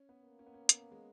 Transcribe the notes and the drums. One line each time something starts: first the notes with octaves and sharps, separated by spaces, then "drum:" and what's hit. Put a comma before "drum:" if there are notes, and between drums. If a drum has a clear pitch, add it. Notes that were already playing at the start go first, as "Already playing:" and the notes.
Already playing: C#4
B3
A#3
C#4
B3
C#4
B3, drum: hi-hat
G#3